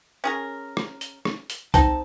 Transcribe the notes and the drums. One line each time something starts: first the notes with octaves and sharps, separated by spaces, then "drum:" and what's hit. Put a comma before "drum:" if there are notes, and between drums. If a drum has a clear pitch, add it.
C#4 G#4 A#4
drum: rim click
drum: hi-hat
drum: rim click
drum: hi-hat
C4 D#4 A5, drum: kick C2, hi-hat